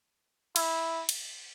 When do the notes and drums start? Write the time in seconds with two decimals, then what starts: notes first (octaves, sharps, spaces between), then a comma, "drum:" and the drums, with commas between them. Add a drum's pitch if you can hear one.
0.56 E4, drum: cymbal
1.09 drum: cymbal